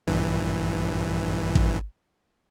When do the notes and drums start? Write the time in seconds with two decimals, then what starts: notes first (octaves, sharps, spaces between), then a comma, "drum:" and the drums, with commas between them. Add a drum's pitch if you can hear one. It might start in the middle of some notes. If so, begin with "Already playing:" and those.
0.07 A#1 G2 E3
1.55 drum: kick